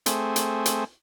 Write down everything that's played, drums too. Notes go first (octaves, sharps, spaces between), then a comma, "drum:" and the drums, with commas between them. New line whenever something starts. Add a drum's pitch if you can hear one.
A3 C4 G#4, drum: hi-hat
drum: hi-hat
drum: hi-hat